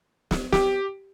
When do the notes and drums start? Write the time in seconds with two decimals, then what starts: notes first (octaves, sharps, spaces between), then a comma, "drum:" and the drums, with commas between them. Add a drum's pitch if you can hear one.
0.31 drum: snare
0.52 G4, drum: snare